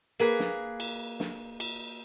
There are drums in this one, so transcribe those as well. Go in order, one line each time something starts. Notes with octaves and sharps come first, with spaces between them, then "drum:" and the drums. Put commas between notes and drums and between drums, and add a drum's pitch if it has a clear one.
A#3 G#4 B4
drum: snare
drum: cymbal
drum: snare
drum: cymbal